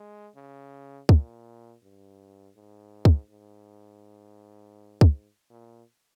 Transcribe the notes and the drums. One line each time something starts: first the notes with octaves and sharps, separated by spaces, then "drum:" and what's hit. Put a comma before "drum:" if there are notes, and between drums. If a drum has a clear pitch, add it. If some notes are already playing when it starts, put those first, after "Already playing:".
Already playing: G#3
C#3
A#2, drum: kick
G2
G#2
drum: kick
G#2
drum: kick
A#2